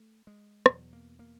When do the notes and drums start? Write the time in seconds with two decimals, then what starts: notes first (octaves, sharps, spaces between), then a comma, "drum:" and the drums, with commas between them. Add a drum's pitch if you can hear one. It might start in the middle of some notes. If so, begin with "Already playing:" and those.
Already playing: A3
0.27 G#3
0.66 E2 B2 F#3, drum: rim click
0.93 A#3
1.19 A#3